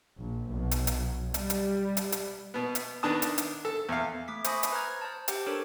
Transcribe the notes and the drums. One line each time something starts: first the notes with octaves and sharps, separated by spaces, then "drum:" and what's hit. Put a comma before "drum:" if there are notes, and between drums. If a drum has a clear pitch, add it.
A#1
B1
drum: hi-hat
drum: hi-hat
G3, drum: hi-hat
drum: hi-hat
drum: hi-hat
drum: hi-hat
B2 B3
drum: hi-hat
D#3 B3 D4 A5 D#6
drum: hi-hat
drum: hi-hat
A4
E2 F5
A3 D6 B6
C5 G#5 B5 C#6 D#6 A#6, drum: hi-hat
drum: hi-hat
B4 C5 A#5 F6 G#6
C5 A5
G4 G5 G6, drum: hi-hat
D4 A4 A#4 C#5 D6